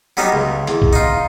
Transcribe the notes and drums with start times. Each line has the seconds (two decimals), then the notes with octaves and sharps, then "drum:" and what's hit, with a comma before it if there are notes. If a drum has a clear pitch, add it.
0.17 F#3 G3 B3 C#4 D#4
0.32 C#2
0.68 E2, drum: hi-hat
0.82 drum: kick
0.93 D#4 F4